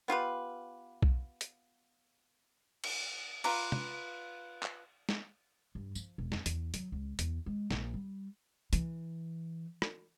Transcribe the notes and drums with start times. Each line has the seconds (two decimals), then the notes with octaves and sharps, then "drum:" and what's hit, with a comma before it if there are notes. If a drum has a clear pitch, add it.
0.08 B3 F4 G4 B4
1.03 drum: kick B1
1.41 drum: hi-hat
2.84 drum: cymbal
3.44 F4 B4 A#5 D6, drum: cymbal
3.72 drum: tom
4.63 drum: clap
5.09 drum: snare
5.75 G2
5.95 F3, drum: tambourine
6.18 E1
6.32 F2, drum: snare
6.46 E2, drum: hi-hat
6.74 F#3, drum: hi-hat
6.92 C#2
7.19 E2, drum: hi-hat
7.46 G#3
7.71 A#1, drum: snare
7.94 G3
8.73 E3, drum: hi-hat
9.82 drum: rim click